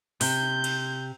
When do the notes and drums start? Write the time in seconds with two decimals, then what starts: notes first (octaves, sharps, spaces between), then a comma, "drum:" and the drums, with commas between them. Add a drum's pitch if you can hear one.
0.21 C3 G6, drum: open hi-hat
0.64 drum: cymbal